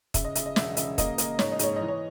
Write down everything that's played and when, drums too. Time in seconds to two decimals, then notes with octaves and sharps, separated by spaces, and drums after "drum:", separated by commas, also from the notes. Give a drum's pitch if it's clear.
0.14 C#3 E5, drum: kick, hi-hat
0.25 D#5
0.35 C#3 E5, drum: hi-hat
0.46 D#5
0.56 E1 E5, drum: snare
0.77 C#3 E5, drum: hi-hat
0.98 A#3 D#5, drum: kick, hi-hat
1.18 A#3, drum: hi-hat
1.39 G#2 C#5, drum: snare
1.52 D#5
1.59 G#2 C#5, drum: hi-hat
1.76 E3 D#5
1.88 C#5